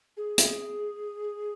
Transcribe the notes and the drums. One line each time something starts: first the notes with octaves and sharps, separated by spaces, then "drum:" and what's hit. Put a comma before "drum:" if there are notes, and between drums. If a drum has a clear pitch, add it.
G#4
A4, drum: hi-hat
G#4